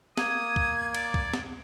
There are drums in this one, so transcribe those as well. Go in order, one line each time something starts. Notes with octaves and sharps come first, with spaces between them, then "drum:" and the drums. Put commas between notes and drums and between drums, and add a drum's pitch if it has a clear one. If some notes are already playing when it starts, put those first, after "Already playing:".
A#3 D#6 G#6, drum: snare
drum: kick
D5, drum: cymbal
drum: kick
drum: snare